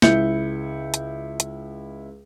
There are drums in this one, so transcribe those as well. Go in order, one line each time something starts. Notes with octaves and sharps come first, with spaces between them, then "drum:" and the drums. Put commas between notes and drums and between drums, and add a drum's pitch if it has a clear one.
C#2 E4 G6 C#7, drum: snare
drum: hi-hat
drum: hi-hat